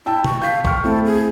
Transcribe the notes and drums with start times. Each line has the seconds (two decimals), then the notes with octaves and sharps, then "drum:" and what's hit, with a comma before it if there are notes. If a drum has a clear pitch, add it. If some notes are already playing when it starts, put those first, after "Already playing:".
0.06 E4 G5 A5 E6
0.24 C#6, drum: tom B2
0.42 F5 G6 B6
0.65 G5 C#6 F6, drum: kick
0.84 A3 C4 E4 A4
1.06 G#4